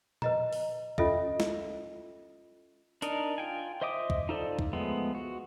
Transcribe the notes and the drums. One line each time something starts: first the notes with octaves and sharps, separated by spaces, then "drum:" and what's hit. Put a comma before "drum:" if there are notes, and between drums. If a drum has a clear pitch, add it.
B4 D#5 A#5, drum: tom A#2
drum: open hi-hat
C#4 F4 A4 D#5 E5, drum: kick
drum: snare
D4 D#4 A#4 D#5, drum: hi-hat
F4 G5 G#5
C5 D#5 E5 D6 D#6
drum: kick
D#4 F4 A4 C5 D5
drum: kick
F3 G#3 A3 B3
F#4